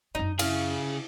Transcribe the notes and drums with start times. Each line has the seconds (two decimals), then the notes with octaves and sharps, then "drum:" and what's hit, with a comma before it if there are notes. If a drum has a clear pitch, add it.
0.15 F#2 D4 D#4
0.39 C#3 E4 G#4 E5 F5, drum: cymbal